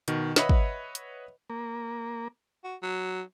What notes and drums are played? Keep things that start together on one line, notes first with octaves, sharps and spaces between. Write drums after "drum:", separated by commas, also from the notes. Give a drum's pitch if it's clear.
B2 D#3, drum: hi-hat
B4 C#5 D#5 E5 F#5 B5, drum: snare
drum: kick
drum: hi-hat
A#3
F#4
F#3